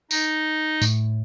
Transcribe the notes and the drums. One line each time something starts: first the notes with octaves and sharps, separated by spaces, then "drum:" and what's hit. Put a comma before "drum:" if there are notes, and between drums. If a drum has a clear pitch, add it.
D#4 D#5, drum: tambourine
A2, drum: tambourine